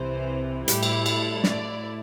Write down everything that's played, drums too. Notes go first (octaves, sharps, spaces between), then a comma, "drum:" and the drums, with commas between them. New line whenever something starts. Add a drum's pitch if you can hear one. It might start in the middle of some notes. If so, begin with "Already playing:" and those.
Already playing: C2 C3 E3 C5
A2 G3 E4 G4, drum: hi-hat
drum: cymbal
A4, drum: cymbal
A2 A3 E4 D5, drum: snare